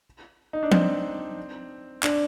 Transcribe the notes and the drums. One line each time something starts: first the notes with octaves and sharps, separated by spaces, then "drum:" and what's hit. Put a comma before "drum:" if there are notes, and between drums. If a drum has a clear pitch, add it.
D#4
D4
C4, drum: tom
D4, drum: clap